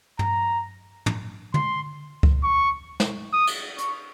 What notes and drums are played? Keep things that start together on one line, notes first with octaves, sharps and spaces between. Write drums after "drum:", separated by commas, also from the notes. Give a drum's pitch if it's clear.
A#5, drum: tom
drum: tom
C6, drum: tom
drum: kick C#2
C#6
drum: snare
D#6
drum: cymbal
C#6, drum: hi-hat